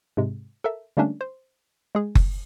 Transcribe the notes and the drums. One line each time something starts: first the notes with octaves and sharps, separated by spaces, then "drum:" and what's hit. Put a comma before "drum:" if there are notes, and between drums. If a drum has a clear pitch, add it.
G#2 C3 G#3
A4 A#4 E5
D3 G3 A3 A#3 C#4 D4
C5
G#3 G#4
drum: kick F#1